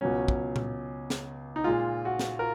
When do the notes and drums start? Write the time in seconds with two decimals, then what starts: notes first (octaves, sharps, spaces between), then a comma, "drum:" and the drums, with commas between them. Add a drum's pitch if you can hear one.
0.01 C#2 B2 F#3 C#4
0.28 drum: kick
0.56 drum: tom A#2
1.10 drum: snare
1.56 D#4
1.64 A#2 G#3 F4
2.05 F#4
2.19 drum: snare
2.39 A#4